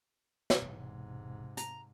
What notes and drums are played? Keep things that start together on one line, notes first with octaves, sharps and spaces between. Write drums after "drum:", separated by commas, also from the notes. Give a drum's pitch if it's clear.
drum: snare
E1 G#2 C3
A#5, drum: hi-hat